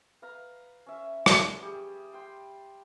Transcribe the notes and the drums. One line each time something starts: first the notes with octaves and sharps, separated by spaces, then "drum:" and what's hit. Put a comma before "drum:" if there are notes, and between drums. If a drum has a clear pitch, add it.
B4 F5 A#5
C#4 E5
drum: rim click
G3 G4 G#4
G5 C6